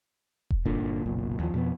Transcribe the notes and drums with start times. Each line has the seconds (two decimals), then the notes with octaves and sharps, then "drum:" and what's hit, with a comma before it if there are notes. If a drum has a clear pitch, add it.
0.50 drum: kick E1
0.65 G1 A#2 D3
1.06 F#1 B1 A#2
1.40 D#2 F3
1.54 F2 B2 F3 B3